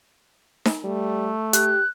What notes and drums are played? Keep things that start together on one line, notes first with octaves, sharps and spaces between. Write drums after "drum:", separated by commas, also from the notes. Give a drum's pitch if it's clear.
drum: snare D#4
G3 A3
G4 F#6, drum: hi-hat